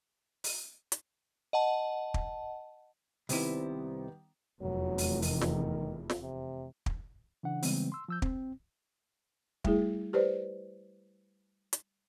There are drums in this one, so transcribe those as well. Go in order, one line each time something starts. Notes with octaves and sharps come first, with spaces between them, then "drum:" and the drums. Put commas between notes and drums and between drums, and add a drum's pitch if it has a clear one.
drum: open hi-hat
drum: hi-hat
D#5 F#5 A5
drum: kick
C2 C3 D#3 G3 B3 E4, drum: open hi-hat
F1 E2 F#3
drum: open hi-hat
D#3, drum: open hi-hat
drum: snare
drum: snare
C3
drum: kick
C#3 E3 D4 F#5
C#3 E3 G3 G#3 B3 C4, drum: open hi-hat
C6 E6
F3 E6 G6
C4, drum: kick
G3 A3 E4 G#4, drum: kick
G4 B4 C5 D5
drum: hi-hat